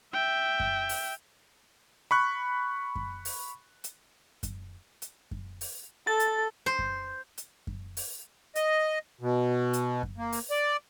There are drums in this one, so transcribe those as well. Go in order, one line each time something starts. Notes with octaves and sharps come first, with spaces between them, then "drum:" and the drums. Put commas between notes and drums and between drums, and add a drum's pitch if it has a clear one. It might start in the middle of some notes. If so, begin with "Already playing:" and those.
E5 G5
drum: kick F#2
drum: open hi-hat
B5 C#6 F#6
drum: kick F#2
drum: open hi-hat
drum: hi-hat
drum: kick F#2, hi-hat
drum: hi-hat
drum: kick F#2
drum: open hi-hat
A4 A6
drum: hi-hat
C5
drum: kick F#2
drum: hi-hat
drum: kick F#2
drum: open hi-hat
D#5, drum: hi-hat
B2
drum: hi-hat
drum: kick F#2
A#3
drum: open hi-hat
D5